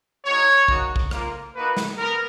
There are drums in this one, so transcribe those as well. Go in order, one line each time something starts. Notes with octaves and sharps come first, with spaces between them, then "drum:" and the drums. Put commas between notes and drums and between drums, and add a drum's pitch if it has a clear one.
G#3 D#4 F#4 C#5
A#3 D#4 F#4, drum: kick
drum: kick
A#3 F4, drum: rim click
A#3 D#4 F#4 B4
drum: snare
B3 A#4